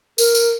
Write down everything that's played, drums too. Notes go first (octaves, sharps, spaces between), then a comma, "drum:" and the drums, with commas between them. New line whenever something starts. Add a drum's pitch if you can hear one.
A#4, drum: tambourine
drum: tambourine